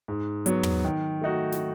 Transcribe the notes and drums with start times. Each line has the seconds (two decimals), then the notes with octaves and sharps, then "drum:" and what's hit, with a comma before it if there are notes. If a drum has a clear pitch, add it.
0.08 G#2
0.46 F#3 B3 F#4, drum: hi-hat
0.63 drum: tom
0.85 D#3
1.21 A3 D#4 F#4
1.52 drum: snare